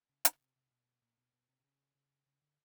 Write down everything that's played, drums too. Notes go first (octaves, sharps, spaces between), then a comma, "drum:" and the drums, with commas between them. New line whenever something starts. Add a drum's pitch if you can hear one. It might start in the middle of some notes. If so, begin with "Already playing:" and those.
C#3
C#3, drum: hi-hat
C3
C3
B2
A#2
B2
B2
C3
C3
C#3
C#3
C#3
D3